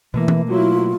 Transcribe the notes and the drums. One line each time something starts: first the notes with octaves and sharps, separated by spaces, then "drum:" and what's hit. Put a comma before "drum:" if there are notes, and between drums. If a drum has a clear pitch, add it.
B2 E3 A3 A#3
drum: tom E3
F#3 E4 F4